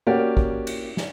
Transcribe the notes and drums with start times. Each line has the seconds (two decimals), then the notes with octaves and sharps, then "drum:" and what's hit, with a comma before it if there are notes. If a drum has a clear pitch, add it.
0.07 A#3 C#4 F#4 G4 D5
0.37 drum: kick
0.67 drum: cymbal
0.97 drum: snare